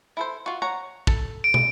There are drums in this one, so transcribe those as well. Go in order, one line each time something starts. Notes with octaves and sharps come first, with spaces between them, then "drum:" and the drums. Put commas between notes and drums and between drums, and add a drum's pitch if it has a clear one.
E4 A4 C5
F4 F#4
C#5 F#5 A#5
A4, drum: kick
D7
drum: tom